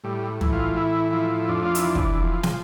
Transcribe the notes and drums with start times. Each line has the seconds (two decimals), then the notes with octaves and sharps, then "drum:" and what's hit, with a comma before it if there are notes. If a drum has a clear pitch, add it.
0.04 A2 G3
0.41 E3, drum: tom
0.53 F4
0.76 A2 E4
1.12 F3 E4
1.48 F2 D4
1.65 F4
1.75 E4, drum: hi-hat
1.84 E3 D4
1.95 drum: kick
2.21 F3
2.43 drum: snare